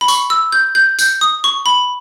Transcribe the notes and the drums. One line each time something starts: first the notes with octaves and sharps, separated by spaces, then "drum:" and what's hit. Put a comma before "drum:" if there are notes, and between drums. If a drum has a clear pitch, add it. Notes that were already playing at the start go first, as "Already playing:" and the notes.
B5
C#6, drum: tambourine
E6
G6
G6
G6, drum: tambourine
D#6
C#6
B5